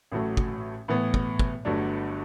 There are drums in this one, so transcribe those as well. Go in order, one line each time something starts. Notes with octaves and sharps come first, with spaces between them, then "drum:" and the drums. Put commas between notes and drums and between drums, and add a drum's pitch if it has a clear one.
A1 A2 F#3 A3
drum: kick
A2 E3 B3
drum: kick
drum: kick
G1 G2 F#3 A3 D4